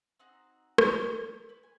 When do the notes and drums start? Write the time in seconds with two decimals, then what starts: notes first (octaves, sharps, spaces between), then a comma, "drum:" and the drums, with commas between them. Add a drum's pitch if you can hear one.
0.19 C4 D#4 F#4 G#4
0.78 A4 C#5, drum: rim click
0.99 C#4 B4 C#5
1.49 B4 C5
1.63 G#5